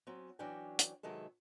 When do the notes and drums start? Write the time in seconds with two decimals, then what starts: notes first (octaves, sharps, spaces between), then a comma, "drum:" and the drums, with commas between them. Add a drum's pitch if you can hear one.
0.07 F#3 C4 C#4
0.39 E3 F#3 C#4 D4 G5 G#5
0.79 drum: hi-hat
1.03 C3 D#3 F#3 G#3 A4